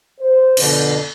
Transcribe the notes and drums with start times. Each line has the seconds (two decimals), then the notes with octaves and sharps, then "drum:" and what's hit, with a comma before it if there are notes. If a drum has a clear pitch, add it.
0.19 C5
0.57 F2 B2 D3, drum: cymbal